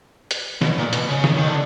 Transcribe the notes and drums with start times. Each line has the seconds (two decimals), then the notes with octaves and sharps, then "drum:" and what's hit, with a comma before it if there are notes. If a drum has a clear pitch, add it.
0.31 drum: hi-hat
0.61 B2, drum: snare
0.78 A#2
0.93 B2, drum: hi-hat
1.08 C#3
1.24 drum: snare
1.37 D#3
1.46 D3